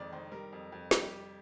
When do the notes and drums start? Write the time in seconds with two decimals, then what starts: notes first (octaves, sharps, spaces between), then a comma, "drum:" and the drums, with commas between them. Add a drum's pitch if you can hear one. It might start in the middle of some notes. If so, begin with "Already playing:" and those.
Already playing: F2 D#3 G#3 D5
0.13 D#3 C5
0.32 G3 A#4
0.53 F2
0.72 F2
0.91 G3 G4, drum: snare